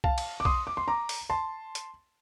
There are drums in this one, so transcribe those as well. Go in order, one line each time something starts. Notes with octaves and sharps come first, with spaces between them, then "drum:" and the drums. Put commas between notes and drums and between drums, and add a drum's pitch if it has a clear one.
F5 A5, drum: kick B1
drum: cymbal
D6
C6 D#6, drum: kick B1
D6
C6
A#5 D6
drum: open hi-hat
A5 C6
drum: hi-hat